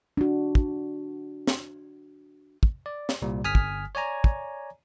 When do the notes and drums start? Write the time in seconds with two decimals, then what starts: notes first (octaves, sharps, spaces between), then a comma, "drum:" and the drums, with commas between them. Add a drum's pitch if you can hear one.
0.17 D4 F#4
0.55 drum: kick
1.47 drum: snare
2.63 drum: kick
2.86 D5
3.09 drum: snare
3.22 C2 A#2 G3
3.44 G1 G#5 D#6 F6 B6
3.55 drum: kick
3.95 C#5 D5 G#5 A#5
4.24 drum: kick